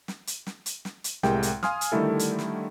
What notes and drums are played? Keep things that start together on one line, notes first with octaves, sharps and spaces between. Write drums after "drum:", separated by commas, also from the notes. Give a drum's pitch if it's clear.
drum: snare
drum: hi-hat
drum: snare
drum: hi-hat
drum: snare
drum: hi-hat
C2 A2 G#3 G4 A#4 G5, drum: snare
drum: hi-hat
F5 G#5 C6 D#6 F6, drum: snare
drum: hi-hat
D3 D#3 G3 A3 E4 A4
drum: hi-hat
drum: snare